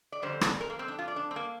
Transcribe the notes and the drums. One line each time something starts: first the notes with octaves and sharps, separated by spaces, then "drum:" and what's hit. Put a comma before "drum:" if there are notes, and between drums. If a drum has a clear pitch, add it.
D5
F2 D3 G3 C5
drum: rim click
A#4
A#3
C4
D4
F4
D5
D4
C4
A#3